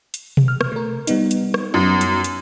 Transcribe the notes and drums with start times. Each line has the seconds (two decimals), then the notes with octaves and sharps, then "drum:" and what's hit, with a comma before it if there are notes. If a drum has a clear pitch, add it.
0.14 drum: hi-hat
0.37 drum: tom B2
0.48 F6
0.61 drum: rim click
0.72 A3 A#4
1.07 G3 B3 D#4, drum: hi-hat
1.31 drum: hi-hat
1.54 drum: rim click
1.74 F#2
2.01 drum: hi-hat
2.24 drum: hi-hat